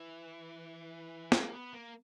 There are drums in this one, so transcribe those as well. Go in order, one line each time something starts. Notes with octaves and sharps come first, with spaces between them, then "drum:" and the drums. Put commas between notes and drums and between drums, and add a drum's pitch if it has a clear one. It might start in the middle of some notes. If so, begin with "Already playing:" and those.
Already playing: E3
A#3, drum: snare
B3
A#3